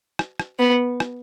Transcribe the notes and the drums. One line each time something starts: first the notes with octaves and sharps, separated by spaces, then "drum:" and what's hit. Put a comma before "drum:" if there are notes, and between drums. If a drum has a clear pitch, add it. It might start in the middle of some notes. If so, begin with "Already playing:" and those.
drum: rim click
drum: rim click
B3
drum: rim click